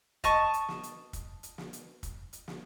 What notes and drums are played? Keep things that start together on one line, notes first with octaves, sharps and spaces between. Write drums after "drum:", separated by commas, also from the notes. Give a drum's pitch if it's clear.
D#5 A5 C#6, drum: kick, hi-hat
drum: hi-hat
drum: snare
drum: hi-hat
drum: kick, hi-hat
drum: hi-hat
drum: snare
drum: hi-hat
drum: kick, hi-hat
drum: hi-hat
drum: snare